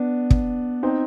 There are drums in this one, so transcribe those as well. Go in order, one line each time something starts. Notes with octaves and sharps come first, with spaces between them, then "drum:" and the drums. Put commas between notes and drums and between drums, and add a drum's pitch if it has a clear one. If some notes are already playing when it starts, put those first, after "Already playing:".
Already playing: B3 D4
drum: kick
C4 D#4